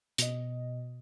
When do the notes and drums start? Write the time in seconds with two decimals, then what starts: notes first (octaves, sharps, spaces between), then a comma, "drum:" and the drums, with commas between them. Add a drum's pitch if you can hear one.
0.18 B2 D#5, drum: hi-hat